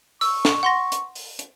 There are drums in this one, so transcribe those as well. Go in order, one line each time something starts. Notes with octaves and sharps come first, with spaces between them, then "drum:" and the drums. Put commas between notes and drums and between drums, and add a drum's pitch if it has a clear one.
C#6 E6, drum: open hi-hat
drum: snare
F#5 C6 A#6
drum: hi-hat
drum: open hi-hat
drum: hi-hat